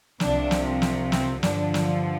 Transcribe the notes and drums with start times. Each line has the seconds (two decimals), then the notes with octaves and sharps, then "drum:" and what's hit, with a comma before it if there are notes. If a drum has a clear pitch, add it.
0.20 C2 C3 F3 D4, drum: snare
0.51 drum: snare
0.82 drum: snare
1.12 C4, drum: snare
1.43 G2 D3 F3 D4, drum: snare
1.74 drum: snare